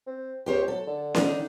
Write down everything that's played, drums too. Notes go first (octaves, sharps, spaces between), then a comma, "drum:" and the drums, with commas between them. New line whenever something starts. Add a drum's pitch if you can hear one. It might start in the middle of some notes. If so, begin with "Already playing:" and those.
C4
C#2 G4 C5 C#5
F#3 A4
D3
D#3 D4 D#4, drum: snare C#4